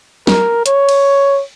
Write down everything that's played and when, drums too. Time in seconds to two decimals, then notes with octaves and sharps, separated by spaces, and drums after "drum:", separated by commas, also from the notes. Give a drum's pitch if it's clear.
0.27 A#4, drum: snare
0.66 C#5, drum: hi-hat
0.89 drum: cymbal